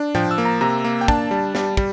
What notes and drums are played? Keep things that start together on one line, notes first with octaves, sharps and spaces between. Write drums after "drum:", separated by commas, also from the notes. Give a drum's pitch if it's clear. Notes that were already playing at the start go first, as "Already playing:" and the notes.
Already playing: D4
F3 G5, drum: tom A2
E6
A#3
A#5
C3 A#5
A#3
G5
D4 A5, drum: kick
G3
G3, drum: snare
G3, drum: kick